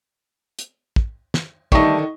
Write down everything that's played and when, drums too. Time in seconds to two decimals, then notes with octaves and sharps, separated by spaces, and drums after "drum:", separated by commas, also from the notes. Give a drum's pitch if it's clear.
0.59 drum: hi-hat
0.96 drum: kick
1.34 drum: snare
1.72 D3 D#3 G3 A3 D#5 C#6, drum: kick